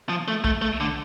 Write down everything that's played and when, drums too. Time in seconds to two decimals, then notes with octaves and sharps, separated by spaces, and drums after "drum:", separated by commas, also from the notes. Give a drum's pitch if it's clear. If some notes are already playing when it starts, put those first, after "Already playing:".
0.09 F3
0.28 A3
0.44 A3, drum: kick
0.62 A3
0.80 D3